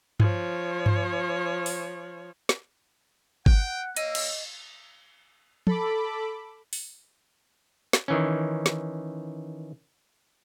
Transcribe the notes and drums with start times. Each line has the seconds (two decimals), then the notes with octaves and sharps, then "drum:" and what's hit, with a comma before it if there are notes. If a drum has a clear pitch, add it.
0.20 F3 C#5, drum: tom G2
0.86 drum: tom G2
1.66 drum: open hi-hat
2.49 drum: snare
3.46 F#5 G5, drum: kick G1
3.96 A#3 C#5 D#5 F5 E6 D#7, drum: hi-hat
4.15 drum: cymbal
5.67 A4 B5 D6, drum: tom
6.73 drum: open hi-hat
7.93 drum: snare
8.08 D#3 E3 C#4
8.66 drum: snare